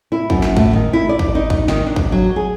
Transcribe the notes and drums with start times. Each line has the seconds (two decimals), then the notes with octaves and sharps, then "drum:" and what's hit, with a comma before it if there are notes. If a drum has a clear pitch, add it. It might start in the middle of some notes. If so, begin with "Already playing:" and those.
0.12 E4
0.30 F#2, drum: kick
0.42 drum: snare
0.57 A2, drum: kick
0.73 D#3
0.93 E4
1.09 D5
1.19 drum: kick
1.35 D#4
1.50 drum: kick
1.68 D#3, drum: snare
1.86 D4
1.96 drum: kick
2.12 F#3
2.36 G#4